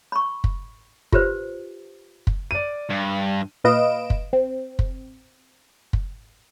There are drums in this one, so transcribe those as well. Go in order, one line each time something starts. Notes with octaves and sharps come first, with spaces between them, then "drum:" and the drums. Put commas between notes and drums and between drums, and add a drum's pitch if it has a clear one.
B5 C#6
drum: kick
F4 G4 B4 C5, drum: kick
drum: kick
D5 D#7
G2
A#2 B4 D#5 F5 D7 E7
drum: kick
C4
drum: kick
drum: kick